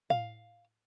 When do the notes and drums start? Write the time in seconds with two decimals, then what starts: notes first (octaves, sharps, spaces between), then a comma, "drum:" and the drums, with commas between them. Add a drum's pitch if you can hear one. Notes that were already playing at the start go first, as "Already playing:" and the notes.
0.10 F5, drum: tom A2